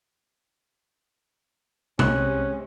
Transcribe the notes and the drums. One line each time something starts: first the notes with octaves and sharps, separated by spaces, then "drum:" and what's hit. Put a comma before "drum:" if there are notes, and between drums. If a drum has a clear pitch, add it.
C2 C3 G#3 C#4 F#6, drum: tom B2